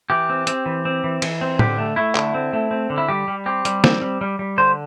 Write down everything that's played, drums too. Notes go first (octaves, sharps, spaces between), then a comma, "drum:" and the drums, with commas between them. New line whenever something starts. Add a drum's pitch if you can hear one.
E3 G4
C4
C4, drum: hi-hat
E3
C4
E3
E3, drum: cymbal
C4
D3 G4, drum: tom A2
A3
A3 E4
D3, drum: clap
C4
A3
C4
D3
E4
G3 G4
G3
C4 G4
G3, drum: hi-hat
C4, drum: snare
G3
G3
G3
D3 C5